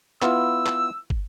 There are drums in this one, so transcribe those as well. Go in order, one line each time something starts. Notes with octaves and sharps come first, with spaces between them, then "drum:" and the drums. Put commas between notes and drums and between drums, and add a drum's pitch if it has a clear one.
B3 E4 F4 E6, drum: clap
drum: clap
drum: kick